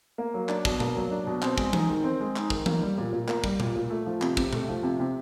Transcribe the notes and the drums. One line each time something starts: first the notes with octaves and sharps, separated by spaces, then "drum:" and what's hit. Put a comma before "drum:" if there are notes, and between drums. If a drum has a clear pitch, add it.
A#3
F#3
D4, drum: clap
B2, drum: kick
A#3, drum: tom B2
F#3
D4
B2
C4, drum: clap
G#3, drum: kick
D#4, drum: tom E3
D#3
C4
G#3
D#4, drum: clap
D#3, drum: kick
A#3, drum: tom E3
G3
A#2
A#2
A#3, drum: clap
G3, drum: kick
A#2, drum: tom B2
A#2
A3
F3
C3, drum: clap
C3, drum: kick
A3, drum: tom B2
F3
C3
C3